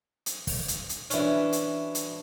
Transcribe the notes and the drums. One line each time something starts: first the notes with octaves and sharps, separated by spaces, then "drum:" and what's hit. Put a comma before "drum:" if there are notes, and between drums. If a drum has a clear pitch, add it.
drum: hi-hat
drum: kick, open hi-hat
drum: hi-hat
drum: hi-hat
E3 C#4 D4 F#4 E5, drum: hi-hat
drum: hi-hat
drum: hi-hat